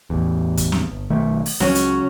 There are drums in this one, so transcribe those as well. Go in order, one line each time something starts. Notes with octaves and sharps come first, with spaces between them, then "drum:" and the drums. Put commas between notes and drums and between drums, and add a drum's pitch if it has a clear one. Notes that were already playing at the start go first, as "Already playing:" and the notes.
A1 E2
drum: kick, hi-hat
drum: snare
G1
B1 D#3 A3
drum: open hi-hat
C#2 F#3 C#4, drum: snare
drum: hi-hat